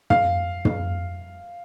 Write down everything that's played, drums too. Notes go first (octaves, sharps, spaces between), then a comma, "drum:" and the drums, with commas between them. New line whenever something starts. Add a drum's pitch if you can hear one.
F5, drum: tom
drum: tom